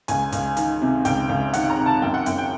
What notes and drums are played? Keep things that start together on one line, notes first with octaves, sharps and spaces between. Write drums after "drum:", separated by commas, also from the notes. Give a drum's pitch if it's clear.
C#2 G#5, drum: hi-hat
C#2, drum: hi-hat
D#3, drum: hi-hat
C3
C#2 G5, drum: hi-hat
C#2
D#3 F#5, drum: hi-hat
A#5
C3
A5
F#2 G5
F#5
F#2 G5, drum: hi-hat
G5